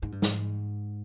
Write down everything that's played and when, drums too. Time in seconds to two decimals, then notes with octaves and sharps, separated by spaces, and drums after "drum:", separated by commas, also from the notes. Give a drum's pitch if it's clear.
0.02 G#2
0.12 G2
0.22 G#2, drum: snare